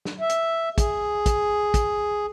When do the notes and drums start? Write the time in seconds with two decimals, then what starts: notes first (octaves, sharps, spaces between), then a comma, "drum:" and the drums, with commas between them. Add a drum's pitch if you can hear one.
0.05 drum: snare
0.20 E5
0.29 drum: hi-hat
0.78 G#4, drum: kick, hi-hat
1.26 drum: kick, hi-hat
1.74 drum: kick, hi-hat